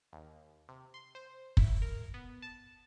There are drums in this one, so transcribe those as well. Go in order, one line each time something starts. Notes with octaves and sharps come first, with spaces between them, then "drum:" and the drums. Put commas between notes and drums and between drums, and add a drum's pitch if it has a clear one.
D#2
C3
C6
C5
E4, drum: kick
A#4
B3
A5